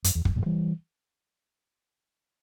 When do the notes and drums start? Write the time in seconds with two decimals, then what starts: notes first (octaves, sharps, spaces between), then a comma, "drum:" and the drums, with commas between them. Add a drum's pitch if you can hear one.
0.04 F#2, drum: hi-hat
0.15 E2
0.25 F#2, drum: kick
0.36 F#2 A#2
0.46 E3 G3